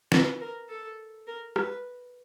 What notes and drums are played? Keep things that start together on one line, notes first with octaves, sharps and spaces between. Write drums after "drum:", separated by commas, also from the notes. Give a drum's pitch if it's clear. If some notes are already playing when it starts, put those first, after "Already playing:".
B4, drum: snare
A#4
A4
A#4
B4, drum: rim click